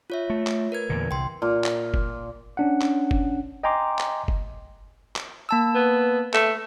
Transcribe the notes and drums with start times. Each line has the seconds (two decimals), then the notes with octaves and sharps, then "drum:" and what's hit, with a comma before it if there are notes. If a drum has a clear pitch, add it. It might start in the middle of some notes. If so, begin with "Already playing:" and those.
0.10 F4 C#5 E5
0.30 A3
0.47 drum: clap
0.72 A#4 B4 G#6
0.89 E2 A#2 D3
1.11 C2 G5 C6
1.42 A#2
1.64 drum: clap
1.94 drum: kick F#1
2.57 C#4 D4 F#5
2.82 drum: clap
3.11 drum: kick F#1
3.63 D#5 G5 G#5 A#5 C6 D6
3.99 drum: clap
4.28 drum: kick F#1
5.16 drum: clap
5.49 A#3 A5 E6
5.75 B3
6.34 A3, drum: clap